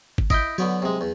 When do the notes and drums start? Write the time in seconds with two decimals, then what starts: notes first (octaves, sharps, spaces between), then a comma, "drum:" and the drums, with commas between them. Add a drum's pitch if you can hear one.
0.18 drum: kick
0.30 E4 D#5 G6 B6 D7, drum: kick
0.58 D3 F#3 B3 C#5
0.82 C3 G#3
1.01 E2